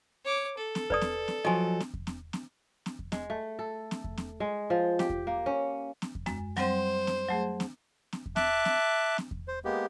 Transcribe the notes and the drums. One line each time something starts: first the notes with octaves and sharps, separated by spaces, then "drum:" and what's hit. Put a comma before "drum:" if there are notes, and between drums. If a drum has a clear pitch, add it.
C#5 D6
A4
drum: snare
B4 D5 D#6, drum: kick E2
drum: snare
drum: snare
F3 F#3 D#5 G#5
drum: snare
drum: kick E2
drum: snare
drum: snare
drum: snare
drum: kick E2
G#3, drum: snare
A3
A4
drum: snare
drum: kick E2
drum: snare
G#3
F3
G4, drum: snare
drum: kick E2
A#3
C#4
drum: snare
drum: kick E2
F#2 G#3, drum: snare
F#3 G3 C4 C5, drum: snare
drum: snare
F#3 A3 G#4
drum: snare
drum: snare
drum: kick E2
E5 A5 D6 F#6, drum: snare
drum: snare
drum: snare
drum: kick E2
C5
G#3 A#3 B3 G4